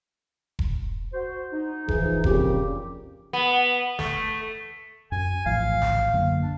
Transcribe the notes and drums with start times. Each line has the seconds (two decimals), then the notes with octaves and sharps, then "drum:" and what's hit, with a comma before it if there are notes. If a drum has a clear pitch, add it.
0.59 drum: kick E1
1.13 F#4 C5
1.51 D#4
1.88 E3 F3 G#4, drum: kick E1
2.24 F2 A#2 C#3 G4, drum: kick E1
3.33 B3
3.99 A3, drum: snare
5.12 F#2 G#5
5.46 A#1 A2 E3 F5
5.82 drum: snare
6.14 F#2 D3 A#3
6.42 D4